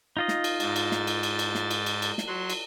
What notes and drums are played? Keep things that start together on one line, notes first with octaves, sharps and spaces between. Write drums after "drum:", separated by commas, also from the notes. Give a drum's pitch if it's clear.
D#4 F4 D#5
drum: snare
drum: cymbal
G#2 A6, drum: cymbal
drum: cymbal
drum: snare
drum: cymbal
drum: cymbal
drum: cymbal
drum: snare
drum: cymbal
drum: cymbal
drum: cymbal
drum: snare
F#3 C6 F#6
drum: cymbal